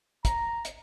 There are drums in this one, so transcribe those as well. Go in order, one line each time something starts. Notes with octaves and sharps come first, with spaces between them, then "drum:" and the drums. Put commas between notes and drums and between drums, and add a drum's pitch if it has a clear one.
A#5, drum: kick, hi-hat
drum: hi-hat